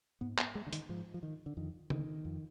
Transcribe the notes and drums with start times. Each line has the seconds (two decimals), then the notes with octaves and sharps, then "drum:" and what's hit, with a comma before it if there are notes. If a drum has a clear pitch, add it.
0.21 G#2 B3
0.38 B3, drum: clap
0.55 G#3
0.67 D3
0.73 D#3, drum: hi-hat
0.89 G#2 F3
1.14 F3
1.23 D#3
1.46 D3
1.57 F2 D#3
1.90 D3 D#3, drum: tom
2.25 F2